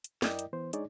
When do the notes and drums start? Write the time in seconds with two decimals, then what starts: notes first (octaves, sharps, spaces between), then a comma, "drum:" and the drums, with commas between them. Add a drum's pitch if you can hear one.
0.04 drum: hi-hat
0.22 F#2 E4 A#4 D5 D#5 G5, drum: snare
0.39 drum: hi-hat
0.53 E3 B3 C5
0.73 G#3 D4 D#4 G#4 C#5 D5, drum: hi-hat